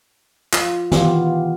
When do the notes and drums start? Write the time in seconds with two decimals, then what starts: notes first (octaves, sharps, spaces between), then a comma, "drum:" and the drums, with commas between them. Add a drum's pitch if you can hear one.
0.53 F4, drum: clap
0.92 D#3 E3 B3 F4 G4, drum: snare